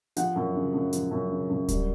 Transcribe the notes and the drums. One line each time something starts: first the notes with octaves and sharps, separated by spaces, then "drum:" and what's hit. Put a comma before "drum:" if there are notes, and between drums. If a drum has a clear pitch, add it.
F3 F#5, drum: hi-hat
F#2
C#3
F#2
F3, drum: hi-hat
F#2
C#3
F#2
G3, drum: kick D1, hi-hat